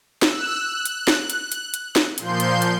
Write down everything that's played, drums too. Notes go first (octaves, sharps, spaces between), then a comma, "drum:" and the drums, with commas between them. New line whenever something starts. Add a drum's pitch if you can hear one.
E6 F#6, drum: snare
F#6
drum: hi-hat
drum: snare
drum: hi-hat
drum: hi-hat
drum: hi-hat
drum: snare
A#2 F3 C6 G6, drum: hi-hat
drum: hi-hat
drum: hi-hat